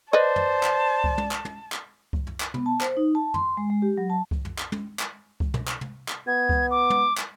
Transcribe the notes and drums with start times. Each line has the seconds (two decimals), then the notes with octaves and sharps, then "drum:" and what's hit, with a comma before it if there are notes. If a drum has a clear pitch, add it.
0.13 B4 C5 D5 D#5 A5
0.36 drum: tom
0.63 drum: clap
1.04 drum: kick C2
1.18 drum: tom
1.31 drum: clap
1.45 drum: tom
1.72 drum: clap
2.13 drum: kick C2
2.27 drum: tom
2.40 drum: clap
2.54 B3, drum: tom
2.66 A5
2.81 C5, drum: clap
2.97 D#4
3.15 A5
3.34 C6, drum: tom
3.57 G#3
3.70 G#3
3.82 G4
3.97 F#3
4.10 A5
4.31 drum: kick C2
4.45 drum: tom
4.58 drum: clap
4.72 drum: tom
4.99 drum: clap
5.40 drum: kick C2
5.54 drum: tom
5.68 drum: clap
5.81 drum: tom
6.08 drum: clap
6.27 B3 G#6
6.49 drum: kick C2
6.71 D6
6.90 drum: tom
7.17 drum: clap